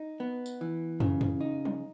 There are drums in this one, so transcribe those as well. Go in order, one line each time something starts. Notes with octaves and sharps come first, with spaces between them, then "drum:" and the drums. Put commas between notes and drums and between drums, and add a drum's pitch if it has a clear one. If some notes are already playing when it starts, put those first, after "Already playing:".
Already playing: D#4
B3
drum: tambourine
E3
C#3, drum: tom
drum: tom
D#4
drum: tom